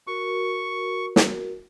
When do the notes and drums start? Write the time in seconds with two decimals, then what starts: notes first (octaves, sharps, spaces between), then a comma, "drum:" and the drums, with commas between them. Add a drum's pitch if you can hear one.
0.07 F#4 A#4 C#6
1.16 drum: snare